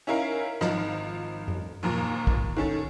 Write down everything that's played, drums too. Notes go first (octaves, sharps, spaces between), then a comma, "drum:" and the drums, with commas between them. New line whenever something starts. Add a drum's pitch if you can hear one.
C#4 D#4 E4 A#4 F5
G#1 F3 D#4 F6, drum: rim click
drum: tom F#2
D#2 A#2 F3 A#5
drum: kick
D#3 C#4 A4